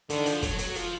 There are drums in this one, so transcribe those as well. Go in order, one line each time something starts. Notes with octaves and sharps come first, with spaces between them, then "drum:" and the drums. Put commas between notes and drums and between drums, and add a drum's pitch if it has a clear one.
D3 D#3, drum: hi-hat
F3, drum: hi-hat
F#3, drum: kick, hi-hat
F#3, drum: hi-hat
F3, drum: hi-hat